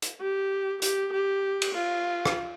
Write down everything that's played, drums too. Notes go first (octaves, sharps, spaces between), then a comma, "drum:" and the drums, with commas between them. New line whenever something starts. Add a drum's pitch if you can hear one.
drum: hi-hat
G4
G4, drum: hi-hat
G4
drum: cymbal
F4
drum: rim click